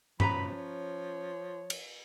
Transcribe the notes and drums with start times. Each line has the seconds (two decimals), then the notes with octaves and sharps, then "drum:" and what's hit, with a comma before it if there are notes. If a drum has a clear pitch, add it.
0.20 F3 C#4 B4 A#5 B5, drum: tom G2
0.57 C#5
1.70 drum: cymbal